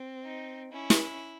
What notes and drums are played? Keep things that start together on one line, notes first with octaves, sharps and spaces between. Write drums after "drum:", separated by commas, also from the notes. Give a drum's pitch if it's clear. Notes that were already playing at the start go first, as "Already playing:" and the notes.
Already playing: C4
D#4
C#4 E4
drum: snare